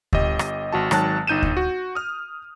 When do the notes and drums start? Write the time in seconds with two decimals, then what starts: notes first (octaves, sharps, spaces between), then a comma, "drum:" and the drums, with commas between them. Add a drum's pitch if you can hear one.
0.13 G1 G4 D#5, drum: kick D2
0.39 drum: rim click
0.72 G#1 F#4 A5
0.91 G#1 D#3 F#3 A5 F#6 A6, drum: rim click
1.27 G1 D#4 G6 D#7 E7
1.43 drum: kick D2
1.57 F#4
1.95 D#6 F6